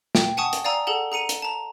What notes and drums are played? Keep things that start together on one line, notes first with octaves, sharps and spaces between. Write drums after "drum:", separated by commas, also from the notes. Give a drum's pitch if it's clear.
G5, drum: snare
F#5 G#5 A5 C#6 D#6
drum: hi-hat
D5 F5 G#5 A#5 D#6 E6
G#4 A4 F#5 A5
G#4 A#5 C#7 D#7
drum: hi-hat
A5 A#5